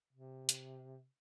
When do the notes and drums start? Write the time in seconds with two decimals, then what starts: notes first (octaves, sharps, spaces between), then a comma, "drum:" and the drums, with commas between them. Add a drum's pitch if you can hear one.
0.13 C3
0.49 drum: hi-hat